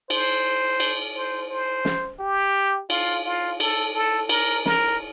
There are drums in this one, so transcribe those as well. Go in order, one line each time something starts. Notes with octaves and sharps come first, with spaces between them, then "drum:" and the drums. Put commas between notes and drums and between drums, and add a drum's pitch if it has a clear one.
C5, drum: cymbal
drum: cymbal
C5
C5
drum: snare
G4
F4, drum: cymbal
F4
A4, drum: cymbal
A4
A#4, drum: cymbal
A#4, drum: snare